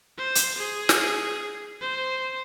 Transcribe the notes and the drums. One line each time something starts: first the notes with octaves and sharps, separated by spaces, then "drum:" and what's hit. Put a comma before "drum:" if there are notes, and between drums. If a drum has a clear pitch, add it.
C5
drum: hi-hat
G#4
drum: snare
C5